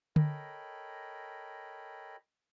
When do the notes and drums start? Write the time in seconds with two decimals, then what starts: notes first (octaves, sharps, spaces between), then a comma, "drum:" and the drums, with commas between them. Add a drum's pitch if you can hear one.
0.16 A4 A#4 C#5 D#5 G5 B5, drum: tom D3